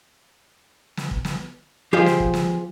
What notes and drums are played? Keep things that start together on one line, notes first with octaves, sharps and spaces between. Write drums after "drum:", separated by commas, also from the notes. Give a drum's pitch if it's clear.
drum: snare
drum: kick
drum: snare
F3 F4 G4 G#4 C5 D#5
drum: snare
drum: kick
drum: snare